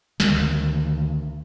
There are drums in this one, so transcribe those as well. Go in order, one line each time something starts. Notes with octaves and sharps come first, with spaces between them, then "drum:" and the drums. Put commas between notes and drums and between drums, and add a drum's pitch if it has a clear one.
D2 D#3, drum: snare